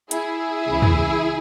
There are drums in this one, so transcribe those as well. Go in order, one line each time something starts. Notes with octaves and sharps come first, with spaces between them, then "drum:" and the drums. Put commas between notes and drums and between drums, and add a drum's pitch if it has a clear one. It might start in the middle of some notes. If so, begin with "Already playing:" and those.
E4 G#4, drum: hi-hat
C#2 C#3 E3
drum: tom